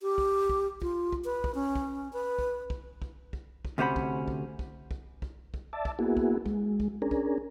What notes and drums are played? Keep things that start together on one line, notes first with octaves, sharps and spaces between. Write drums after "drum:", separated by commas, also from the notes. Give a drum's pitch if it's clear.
G4
drum: kick
drum: kick
F4, drum: kick
drum: kick
B4
drum: kick
C#4
drum: kick
B4
drum: kick
drum: kick
drum: kick
drum: kick
drum: kick
D2 C3 C#4 C5 F#5 B5
drum: kick
drum: kick
drum: kick
drum: kick
drum: kick
drum: kick
D5 E5 A5
drum: kick
A#3 B3 E4 F#4 G#4
drum: kick
G#3, drum: kick
drum: kick
C#4 D4 G#4 A#4
drum: kick